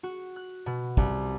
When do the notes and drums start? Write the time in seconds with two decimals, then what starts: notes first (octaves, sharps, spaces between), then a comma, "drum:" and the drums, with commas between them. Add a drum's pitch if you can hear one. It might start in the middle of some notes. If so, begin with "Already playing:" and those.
0.03 F#4
0.36 F#6
0.66 B2
0.97 C2, drum: kick